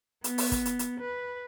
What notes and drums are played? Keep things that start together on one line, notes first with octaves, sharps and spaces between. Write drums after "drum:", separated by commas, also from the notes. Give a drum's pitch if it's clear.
B3, drum: hi-hat
drum: open hi-hat
drum: kick, hi-hat
drum: hi-hat
drum: hi-hat
B4